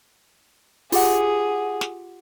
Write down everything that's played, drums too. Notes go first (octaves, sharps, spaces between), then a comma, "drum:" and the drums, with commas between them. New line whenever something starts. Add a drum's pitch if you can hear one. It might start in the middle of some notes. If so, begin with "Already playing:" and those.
F4 G4 G#4 F#5, drum: open hi-hat
drum: snare